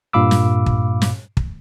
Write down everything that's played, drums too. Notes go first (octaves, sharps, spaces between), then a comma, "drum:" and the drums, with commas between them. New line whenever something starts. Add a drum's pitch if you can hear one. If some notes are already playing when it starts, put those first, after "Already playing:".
G2 A#2 F5 B5 D6 E6
drum: snare
drum: kick
drum: snare
drum: kick